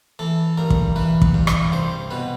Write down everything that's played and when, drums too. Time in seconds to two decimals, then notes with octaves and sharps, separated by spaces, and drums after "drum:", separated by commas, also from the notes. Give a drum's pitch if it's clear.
0.19 E3 A4
0.58 G2 A#4
0.70 drum: kick
0.96 E3 B4
1.22 drum: kick
1.34 G2
1.47 drum: rim click
1.72 C2 C5
2.11 B2 B4